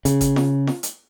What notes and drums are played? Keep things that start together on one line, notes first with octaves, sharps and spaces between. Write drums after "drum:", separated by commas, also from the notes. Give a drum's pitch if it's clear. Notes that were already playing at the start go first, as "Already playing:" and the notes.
C#3, drum: hi-hat
drum: kick G1, hi-hat
drum: snare
drum: snare
drum: hi-hat